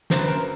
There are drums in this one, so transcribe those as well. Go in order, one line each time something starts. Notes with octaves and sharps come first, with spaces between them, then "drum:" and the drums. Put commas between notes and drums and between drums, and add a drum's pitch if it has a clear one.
F#2 D3 F#3 C5, drum: snare
B4
A#4 C5